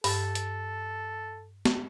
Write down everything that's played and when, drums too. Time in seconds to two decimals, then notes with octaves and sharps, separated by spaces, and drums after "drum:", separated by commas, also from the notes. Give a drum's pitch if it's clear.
0.04 G2 A4, drum: open hi-hat
0.35 drum: hi-hat
1.65 drum: snare